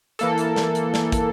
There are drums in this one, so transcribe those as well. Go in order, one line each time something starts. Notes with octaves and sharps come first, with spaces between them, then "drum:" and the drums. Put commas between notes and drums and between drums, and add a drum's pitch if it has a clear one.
E3 A#3 A4, drum: hi-hat
drum: hi-hat
drum: snare
drum: hi-hat
drum: snare
drum: kick, hi-hat